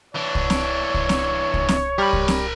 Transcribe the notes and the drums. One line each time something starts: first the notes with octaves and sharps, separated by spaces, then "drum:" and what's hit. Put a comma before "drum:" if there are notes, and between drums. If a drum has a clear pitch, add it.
E3 D4 C#5
drum: kick C2
drum: snare C4
drum: kick C2
drum: snare C4
drum: kick C2
drum: snare C4
G3 A#4 B5
drum: kick C2
drum: snare C4